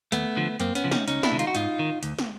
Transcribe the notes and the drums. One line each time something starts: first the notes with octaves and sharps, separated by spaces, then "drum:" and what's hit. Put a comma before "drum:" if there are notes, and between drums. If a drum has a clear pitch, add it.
D#2 A3 B3, drum: hi-hat
D3 F3
F#2 A#3 C4, drum: hi-hat
B3 C#4, drum: hi-hat
C#3 F3
C#4 D#4, drum: snare
C#2 C#4 D#4, drum: hi-hat
D4 E4, drum: snare
C3 D#3
D#4 F4, drum: hi-hat
F#4
G#2 D#4 F4, drum: hi-hat
D#3
D2, drum: hi-hat
drum: snare